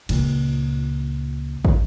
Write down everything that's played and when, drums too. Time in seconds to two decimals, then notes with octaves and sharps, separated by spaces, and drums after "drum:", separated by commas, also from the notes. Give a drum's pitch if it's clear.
0.09 C#2 A#2, drum: cymbal
1.65 drum: kick